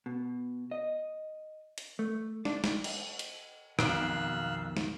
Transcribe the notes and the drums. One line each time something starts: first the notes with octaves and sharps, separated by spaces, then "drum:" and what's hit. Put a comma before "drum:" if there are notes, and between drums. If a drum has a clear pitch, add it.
B2
D#5
drum: hi-hat
A3
D4, drum: snare
drum: snare
drum: cymbal
drum: hi-hat
B1 F2 B2 D#3 F5 E6 F#6, drum: rim click
drum: snare